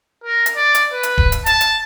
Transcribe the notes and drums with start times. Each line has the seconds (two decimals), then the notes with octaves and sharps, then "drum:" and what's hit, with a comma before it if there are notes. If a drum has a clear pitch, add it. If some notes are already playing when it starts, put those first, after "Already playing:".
0.24 A#4
0.46 drum: hi-hat
0.56 D5
0.75 drum: hi-hat
0.93 B4
1.03 drum: hi-hat
1.18 drum: kick D#1
1.32 drum: hi-hat
1.46 A5, drum: hi-hat
1.61 drum: hi-hat